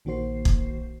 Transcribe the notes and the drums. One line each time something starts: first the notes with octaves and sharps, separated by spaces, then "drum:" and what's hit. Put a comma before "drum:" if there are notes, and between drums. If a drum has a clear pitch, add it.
A#1 D#3 A#3 F#4 C5 C7
drum: kick